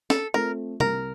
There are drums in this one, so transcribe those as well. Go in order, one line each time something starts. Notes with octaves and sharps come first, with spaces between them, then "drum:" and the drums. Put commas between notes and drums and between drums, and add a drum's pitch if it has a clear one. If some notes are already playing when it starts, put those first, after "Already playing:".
A4, drum: snare
A3 C4 F4 A4 A#4
C2 A#4, drum: tom C3